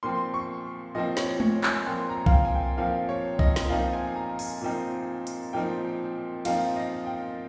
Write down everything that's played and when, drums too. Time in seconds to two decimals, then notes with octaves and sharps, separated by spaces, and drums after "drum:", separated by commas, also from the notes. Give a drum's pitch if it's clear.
0.03 A#2 F3 C4 C6
0.34 C#6
0.95 A#2 F3 C4 D#5
1.17 C#5, drum: snare
1.40 C#5, drum: tom G#3
1.63 G#5, drum: clap
1.86 A#2 F3 C4 C6
2.09 A#5
2.26 F5, drum: kick B1
2.32 G5
2.45 G#5
2.55 G5
2.77 A#2 F3 C4 F5
3.09 C#5
3.39 D#5, drum: kick B1
3.56 drum: snare
3.69 A#2 F3 C4 D#4 F5
3.93 G#5
4.16 A#5
4.39 G#5, drum: open hi-hat
4.62 A#2 F3 C4 D#4
5.27 drum: hi-hat
5.53 A#2 F3 C4 D#4 G5
6.45 A#2 F3 C4 D#4 F5, drum: cymbal
6.76 D#5
7.06 G5